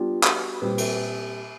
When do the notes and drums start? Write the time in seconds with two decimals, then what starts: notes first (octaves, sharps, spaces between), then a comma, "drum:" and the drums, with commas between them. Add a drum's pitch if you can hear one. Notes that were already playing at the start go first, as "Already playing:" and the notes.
Already playing: G3 B3 D4 F4 G4
0.24 F#4, drum: clap
0.62 A#2 G3 C4 B4
0.78 drum: cymbal